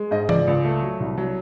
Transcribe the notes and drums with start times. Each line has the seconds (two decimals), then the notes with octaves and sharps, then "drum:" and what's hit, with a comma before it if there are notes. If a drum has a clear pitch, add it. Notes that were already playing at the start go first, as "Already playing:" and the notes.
Already playing: G#3
0.11 G#2 D#5
0.29 C#2 D5, drum: tom E3
0.47 C#2
0.65 A3
0.82 F#3
1.00 C2
1.18 F#3